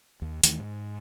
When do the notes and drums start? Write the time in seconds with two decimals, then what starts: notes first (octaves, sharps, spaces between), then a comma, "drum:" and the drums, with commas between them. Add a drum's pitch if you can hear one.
0.22 D#2
0.44 D#2 D#3 E3 A3, drum: hi-hat
0.59 G#2